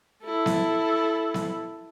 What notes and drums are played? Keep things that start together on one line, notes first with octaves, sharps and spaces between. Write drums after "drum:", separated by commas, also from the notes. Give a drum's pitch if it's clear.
E4 A4
drum: snare B3
drum: snare B3